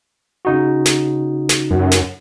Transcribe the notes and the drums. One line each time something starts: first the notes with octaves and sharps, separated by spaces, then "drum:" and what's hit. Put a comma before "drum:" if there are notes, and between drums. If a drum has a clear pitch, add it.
C#3 D#4 F#4
drum: snare
drum: snare
F#2
drum: snare